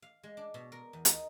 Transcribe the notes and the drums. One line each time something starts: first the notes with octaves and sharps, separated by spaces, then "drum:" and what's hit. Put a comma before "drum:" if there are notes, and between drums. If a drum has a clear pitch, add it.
F5
G#3
D4
B2
A#4
E2
D#4, drum: hi-hat